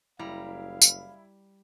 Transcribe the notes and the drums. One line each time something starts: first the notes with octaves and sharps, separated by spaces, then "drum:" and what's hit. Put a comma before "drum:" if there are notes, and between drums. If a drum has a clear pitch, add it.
F#1 G3 E4 F5 A#5
drum: tambourine